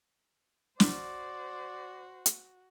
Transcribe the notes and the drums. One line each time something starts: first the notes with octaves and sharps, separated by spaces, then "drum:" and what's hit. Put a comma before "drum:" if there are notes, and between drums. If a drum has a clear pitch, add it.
F#4 C5 D5, drum: snare
drum: hi-hat